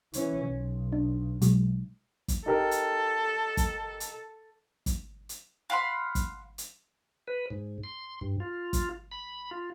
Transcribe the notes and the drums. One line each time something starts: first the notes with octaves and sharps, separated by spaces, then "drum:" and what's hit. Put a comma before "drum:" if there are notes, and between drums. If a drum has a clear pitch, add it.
E3 C#4, drum: hi-hat
B1
D4
B2 F#3 G#3, drum: hi-hat
drum: kick, hi-hat
D#4 G4 A4 A#4
drum: hi-hat
drum: kick, hi-hat
drum: hi-hat
drum: kick, hi-hat
drum: hi-hat
F5 F#5 B5 C6
drum: kick, hi-hat
drum: hi-hat
B4
G#2
C6
G2
F4
drum: kick, hi-hat
B5
F4